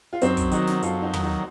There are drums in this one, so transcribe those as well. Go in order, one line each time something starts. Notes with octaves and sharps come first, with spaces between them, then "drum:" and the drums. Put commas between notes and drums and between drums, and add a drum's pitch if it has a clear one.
F4
F#2 C4 D#4, drum: hi-hat
drum: kick, hi-hat
D#3 F#3 D#4 F#4, drum: hi-hat
drum: snare
F#2 F4 A4, drum: hi-hat
D#4 F#4
D#3 F#3, drum: tom
D#4 F#4